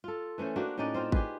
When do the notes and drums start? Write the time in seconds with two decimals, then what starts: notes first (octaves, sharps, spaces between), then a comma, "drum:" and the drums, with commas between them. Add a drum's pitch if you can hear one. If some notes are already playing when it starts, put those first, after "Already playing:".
0.04 F4 A4
0.38 E3 A3 C#4 C5
0.56 A#3 D4 F#4 G4
0.78 A2 C#4 D#4 D5
0.94 C4 F4 C5
1.12 G4 G#4 B4, drum: kick